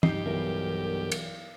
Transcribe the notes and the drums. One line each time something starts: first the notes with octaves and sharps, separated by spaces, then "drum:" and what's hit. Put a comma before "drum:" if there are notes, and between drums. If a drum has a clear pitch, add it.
G2 D#4 G4 D#5 C7, drum: tom
B1 E3 A#4
drum: cymbal